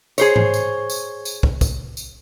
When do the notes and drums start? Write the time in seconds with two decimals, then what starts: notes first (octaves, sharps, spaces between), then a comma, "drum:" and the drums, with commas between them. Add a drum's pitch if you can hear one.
0.18 G#4 C5 C#5, drum: tambourine
0.36 drum: tom G#2
0.54 drum: tambourine
0.90 drum: tambourine
1.25 drum: tambourine
1.43 drum: kick
1.61 drum: kick, tambourine
1.97 drum: tambourine